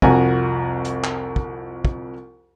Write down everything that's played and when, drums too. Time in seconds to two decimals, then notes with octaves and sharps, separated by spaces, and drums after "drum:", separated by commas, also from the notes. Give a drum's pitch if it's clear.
0.02 C2 F2 F#4 G#5 A#5, drum: kick
0.85 drum: hi-hat
1.04 drum: clap
1.36 drum: kick
1.85 drum: kick